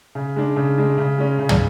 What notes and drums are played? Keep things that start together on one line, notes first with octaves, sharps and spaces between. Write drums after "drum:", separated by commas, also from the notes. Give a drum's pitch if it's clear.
C#3
G#3 D4
C#3
G#3 D4
C#3
G#3 C#4
C#3
drum: tom